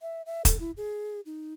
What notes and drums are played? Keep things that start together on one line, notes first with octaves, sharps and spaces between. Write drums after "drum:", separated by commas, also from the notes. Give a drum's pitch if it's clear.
E5
E5
A4, drum: kick, hi-hat
E4
G#4
D#4